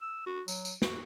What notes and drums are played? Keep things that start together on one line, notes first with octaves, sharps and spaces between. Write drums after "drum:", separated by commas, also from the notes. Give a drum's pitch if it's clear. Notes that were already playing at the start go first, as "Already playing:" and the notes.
E6
F#4
F#3, drum: tambourine
drum: tambourine
F#4, drum: snare